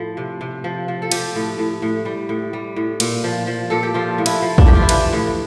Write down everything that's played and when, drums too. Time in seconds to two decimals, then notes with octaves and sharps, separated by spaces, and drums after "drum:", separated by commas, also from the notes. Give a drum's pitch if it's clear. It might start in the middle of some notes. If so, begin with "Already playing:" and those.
Already playing: A2 F3
0.17 C3
0.41 C3
0.64 F3
0.88 F3
1.02 A4
1.12 F3 G4, drum: cymbal
1.35 A2
1.59 A2
1.82 A2
2.05 G3
2.29 A2
2.53 G3
2.76 A2
3.00 A#2, drum: cymbal
3.24 F3
3.47 F3
3.70 A#2 A4
3.83 G4
3.94 F3 F4
4.18 A2
4.26 E4, drum: cymbal
4.42 F3
4.58 D4, drum: kick
4.65 A2 G4
4.75 F4
4.82 E4
4.89 E3 D4, drum: cymbal
5.13 A2